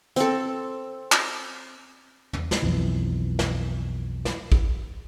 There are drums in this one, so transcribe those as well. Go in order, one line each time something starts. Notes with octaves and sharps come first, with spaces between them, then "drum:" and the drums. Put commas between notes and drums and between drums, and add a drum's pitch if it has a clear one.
C4 A4, drum: hi-hat
drum: clap
drum: tom
drum: snare
B1 F2 E3
drum: snare
drum: snare
drum: kick A1